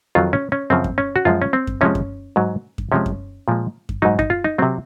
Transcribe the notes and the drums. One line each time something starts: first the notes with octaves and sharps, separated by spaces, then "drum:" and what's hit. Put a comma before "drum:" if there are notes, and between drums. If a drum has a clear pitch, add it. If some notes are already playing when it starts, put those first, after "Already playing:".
F2 D#3 F#3 F4
C#4
C#4
F#2 C#3 F3 C4
drum: kick F#2
C#4
F#4
F#2 F3 G#3 F4
C#4
C4
drum: kick F#2
C3 F3 G#3 C#4
drum: kick F#2
G#2 F#3
drum: kick F#2
C3 F3 G#3 C#4
drum: kick F#2
A#2 F3 G#3
drum: kick F#2
G#2 F#3 D#4
D#4, drum: kick F#2
F4
D#4
C3 F#3 C4